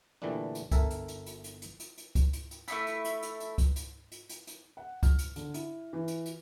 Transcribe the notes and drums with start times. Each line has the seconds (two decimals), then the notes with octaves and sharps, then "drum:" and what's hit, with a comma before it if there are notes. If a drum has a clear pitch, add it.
0.22 A#2 D3 E3 G3 A3 D4
0.55 drum: hi-hat
0.71 G1 A4 A#4 E5 G#5, drum: kick, hi-hat
0.91 drum: hi-hat
1.08 drum: hi-hat
1.26 drum: hi-hat
1.44 drum: hi-hat
1.62 drum: hi-hat
1.80 drum: hi-hat
1.98 drum: hi-hat
2.15 drum: kick, hi-hat
2.33 drum: hi-hat
2.51 drum: hi-hat
2.68 A3 D#4 E4, drum: hi-hat
2.87 drum: hi-hat
3.05 drum: hi-hat
3.22 drum: hi-hat
3.40 drum: hi-hat
3.58 drum: kick, hi-hat
3.76 drum: hi-hat
4.12 drum: hi-hat
4.29 drum: hi-hat
4.47 drum: hi-hat
4.77 F#5
5.03 F6, drum: kick, hi-hat
5.19 drum: hi-hat
5.36 D3, drum: hi-hat
5.54 E4, drum: hi-hat
5.93 E3
6.08 drum: hi-hat
6.26 drum: hi-hat